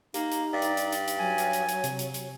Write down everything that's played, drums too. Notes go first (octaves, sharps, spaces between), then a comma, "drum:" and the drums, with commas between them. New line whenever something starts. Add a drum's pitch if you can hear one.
A#3 D#4 G4, drum: hi-hat
drum: hi-hat
G2 D5
drum: hi-hat
drum: hi-hat
drum: hi-hat
drum: hi-hat
F#3 G#5
drum: hi-hat
drum: hi-hat
drum: hi-hat
C3, drum: hi-hat
drum: hi-hat
drum: hi-hat